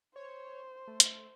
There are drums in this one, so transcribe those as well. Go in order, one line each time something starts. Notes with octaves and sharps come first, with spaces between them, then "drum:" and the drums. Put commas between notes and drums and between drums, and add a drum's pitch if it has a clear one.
C5 C#5
A3
drum: hi-hat